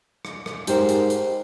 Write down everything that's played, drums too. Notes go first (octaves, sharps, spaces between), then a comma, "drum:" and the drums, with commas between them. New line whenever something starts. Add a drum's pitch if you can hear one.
drum: rim click
drum: rim click
G#2 G4 A#4 C5, drum: hi-hat
drum: hi-hat
drum: hi-hat